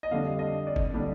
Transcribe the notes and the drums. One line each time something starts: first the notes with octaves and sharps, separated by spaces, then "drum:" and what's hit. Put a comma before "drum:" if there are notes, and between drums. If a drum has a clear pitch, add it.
D#5
F2 D3 G3 D4 F5
D#5
D5
drum: kick
D3 G3 D4 G4